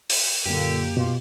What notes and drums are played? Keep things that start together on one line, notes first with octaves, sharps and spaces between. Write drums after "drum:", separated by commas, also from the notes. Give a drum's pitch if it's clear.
drum: open hi-hat
F#2 A#2 D3 A#3 G4
B2 F4